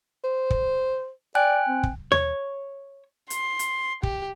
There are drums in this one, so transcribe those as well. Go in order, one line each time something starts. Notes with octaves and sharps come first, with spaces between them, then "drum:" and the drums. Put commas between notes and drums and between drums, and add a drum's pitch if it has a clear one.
C5
drum: kick
D5 G5 G#5 F#6
C4
drum: kick
C#5, drum: tom D#2
C6, drum: hi-hat
drum: hi-hat
G4, drum: kick